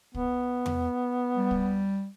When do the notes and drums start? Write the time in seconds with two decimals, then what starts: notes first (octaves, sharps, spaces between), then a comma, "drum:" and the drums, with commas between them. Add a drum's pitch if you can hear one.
0.14 B3, drum: kick
0.66 drum: tom E2
1.37 G3
1.51 drum: kick